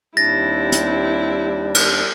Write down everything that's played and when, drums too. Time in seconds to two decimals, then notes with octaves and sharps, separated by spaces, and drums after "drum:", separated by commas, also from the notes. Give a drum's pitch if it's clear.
0.17 D#2 G3 C4 D4 E4 A6 A#6
0.72 drum: hi-hat
1.75 drum: cymbal